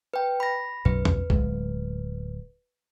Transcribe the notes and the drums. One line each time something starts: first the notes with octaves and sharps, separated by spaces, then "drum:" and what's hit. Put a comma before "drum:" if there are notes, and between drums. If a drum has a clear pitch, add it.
B4 G5
B5 A#6
B1 F#2 B2 B4
drum: tom
D1 G#3, drum: kick B1